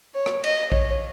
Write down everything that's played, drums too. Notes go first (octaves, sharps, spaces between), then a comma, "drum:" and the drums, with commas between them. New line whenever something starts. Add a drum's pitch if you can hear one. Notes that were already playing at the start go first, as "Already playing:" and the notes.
C#5
drum: rim click
D#5, drum: cymbal
C#5, drum: kick A#1